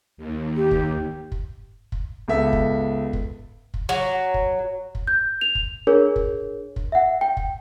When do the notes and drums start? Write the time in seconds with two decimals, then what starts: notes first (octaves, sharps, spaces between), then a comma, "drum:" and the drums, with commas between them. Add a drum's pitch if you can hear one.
0.17 D#2
0.56 G4
0.71 drum: kick
1.32 drum: kick
1.92 drum: kick
2.28 C#2 B3 A4 E5
2.53 drum: kick
3.13 drum: kick
3.74 drum: kick
3.89 F#3
4.34 drum: kick
4.95 drum: kick
5.07 G6
5.41 F7
5.55 drum: kick
5.87 D4 G#4 A#4 C#5
6.16 drum: kick
6.76 drum: kick
6.92 E5 F#5
7.21 G5
7.37 drum: kick